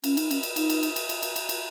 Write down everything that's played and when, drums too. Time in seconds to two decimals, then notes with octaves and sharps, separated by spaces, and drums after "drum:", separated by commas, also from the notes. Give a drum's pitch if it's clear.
0.04 C#4, drum: cymbal
0.17 D#4, drum: cymbal
0.31 C#4, drum: cymbal
0.43 drum: cymbal
0.56 D#4, drum: cymbal
0.70 drum: cymbal
0.83 drum: cymbal
0.96 drum: cymbal
1.09 drum: cymbal
1.23 drum: cymbal
1.36 drum: cymbal
1.49 drum: cymbal